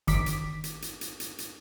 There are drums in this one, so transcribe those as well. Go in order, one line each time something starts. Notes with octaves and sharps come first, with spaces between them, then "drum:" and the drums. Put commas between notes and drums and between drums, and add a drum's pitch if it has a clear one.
G1 D#3 D6 B6, drum: hi-hat
drum: hi-hat
drum: hi-hat
drum: hi-hat
drum: hi-hat
drum: hi-hat
drum: hi-hat